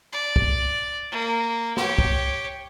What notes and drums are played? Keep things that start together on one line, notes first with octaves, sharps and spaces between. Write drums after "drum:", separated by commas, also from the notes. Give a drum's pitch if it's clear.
D5
drum: kick
A#3
G4 C#5, drum: snare
drum: kick